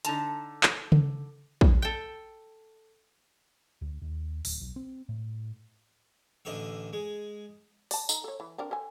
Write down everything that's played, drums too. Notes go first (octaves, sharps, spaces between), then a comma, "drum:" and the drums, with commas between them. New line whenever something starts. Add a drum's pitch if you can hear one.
D3 D#4 A5 A#5, drum: hi-hat
drum: clap
drum: tom C#3
drum: kick
A4 G5
D2
D#2
D1, drum: open hi-hat
B1
C4
A2
A1 D3 D#5 E5
G#3
D5 A5, drum: open hi-hat
D#4 A4 A#5, drum: tambourine
A4 C#5
E3
C4 D4 A#4
A4 C5 G#5